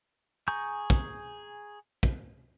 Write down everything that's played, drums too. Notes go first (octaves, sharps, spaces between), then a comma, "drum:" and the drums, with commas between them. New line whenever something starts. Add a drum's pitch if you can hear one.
G#4 G#5 A#5 C#6 G6
drum: kick
drum: kick